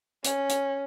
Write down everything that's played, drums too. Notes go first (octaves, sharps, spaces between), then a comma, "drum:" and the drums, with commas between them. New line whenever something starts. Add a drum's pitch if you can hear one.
C#4, drum: hi-hat
drum: hi-hat